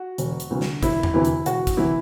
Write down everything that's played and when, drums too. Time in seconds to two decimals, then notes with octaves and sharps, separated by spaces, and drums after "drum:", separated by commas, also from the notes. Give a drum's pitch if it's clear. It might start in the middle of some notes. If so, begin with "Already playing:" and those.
Already playing: F#4
0.18 E1, drum: hi-hat
0.40 drum: hi-hat
0.50 D2 C3 E3
0.61 drum: snare
0.83 E1 E4, drum: kick, hi-hat
1.03 drum: tom E2
1.14 D2 C3 E3 E4
1.25 drum: hi-hat
1.46 E1 F#4, drum: hi-hat
1.67 drum: kick, hi-hat
1.77 C3 E3 E4